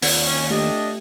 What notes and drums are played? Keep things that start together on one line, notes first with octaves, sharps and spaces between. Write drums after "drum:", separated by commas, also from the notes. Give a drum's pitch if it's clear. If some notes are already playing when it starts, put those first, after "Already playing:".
D#2 C4 F4, drum: open hi-hat
C#4
A3 D4 G4 D#5